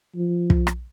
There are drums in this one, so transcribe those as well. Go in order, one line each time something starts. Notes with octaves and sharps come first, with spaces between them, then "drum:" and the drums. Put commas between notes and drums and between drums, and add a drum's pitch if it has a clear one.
F3
drum: kick
drum: rim click